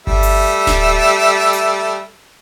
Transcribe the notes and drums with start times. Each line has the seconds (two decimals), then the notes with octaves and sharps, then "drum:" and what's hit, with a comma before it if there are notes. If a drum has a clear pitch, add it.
0.07 G3 A3 E5, drum: kick G1
0.23 drum: open hi-hat
0.67 drum: snare D1
1.53 drum: hi-hat